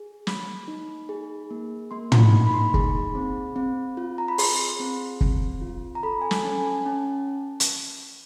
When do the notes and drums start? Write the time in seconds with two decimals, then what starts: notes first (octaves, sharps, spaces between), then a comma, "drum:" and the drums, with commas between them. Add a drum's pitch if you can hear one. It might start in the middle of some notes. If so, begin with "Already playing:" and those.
Already playing: G#4
0.27 A#3 B5, drum: snare
0.68 D#4
1.09 G#4
1.50 A#3
1.91 A#3 C6
2.12 C6, drum: tom
2.19 B5
2.33 D#4
2.47 B5
2.54 C6
2.61 B5
2.74 G#4, drum: kick
3.15 C4
3.56 C4
3.97 F4
4.18 A#5
4.28 B5
4.38 G#4 C6, drum: open hi-hat
4.80 C4
5.21 C4, drum: kick
5.61 F4
5.95 A#5
6.03 A4 B5
6.21 G#5
6.31 A5, drum: snare
6.45 C#4
6.58 G#5
6.86 C#4 A5
7.60 drum: hi-hat